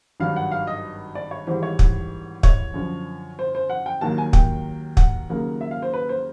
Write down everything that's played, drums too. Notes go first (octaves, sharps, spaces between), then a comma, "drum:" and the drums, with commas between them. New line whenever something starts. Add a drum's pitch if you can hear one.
G#1 G2 D#3 F#3 F5
F#5
F5
D#5
D5
C#5
G#1 G#2 E3 G3 C5
C#5
drum: kick
C#5, drum: kick
F#2 D3 F3
C5
C5
F#5
G5
D#2 D#3 F#3 A#3 A5
G#5
G5, drum: kick
F#5, drum: kick
D#2 C#3 F#3 A#3
E5
F5
C5
B4
C5